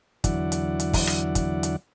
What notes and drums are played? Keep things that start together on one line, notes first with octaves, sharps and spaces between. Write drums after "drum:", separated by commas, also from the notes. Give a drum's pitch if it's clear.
E2 D3 F#3 E4 D5 F#5, drum: kick, hi-hat
drum: hi-hat
drum: hi-hat
drum: kick, open hi-hat
drum: rim click
drum: kick, hi-hat
drum: hi-hat